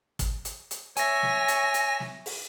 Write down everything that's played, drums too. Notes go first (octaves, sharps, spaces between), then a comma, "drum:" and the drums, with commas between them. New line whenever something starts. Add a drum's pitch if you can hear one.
drum: kick, hi-hat
drum: hi-hat
drum: hi-hat
C#5 E5 G#5 A#6, drum: hi-hat
drum: snare
drum: hi-hat
drum: hi-hat
drum: snare
drum: open hi-hat